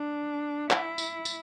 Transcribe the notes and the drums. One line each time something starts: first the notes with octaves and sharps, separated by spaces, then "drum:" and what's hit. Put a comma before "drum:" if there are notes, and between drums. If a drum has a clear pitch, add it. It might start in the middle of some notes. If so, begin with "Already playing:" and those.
Already playing: D4
E4, drum: clap
drum: tambourine
drum: tambourine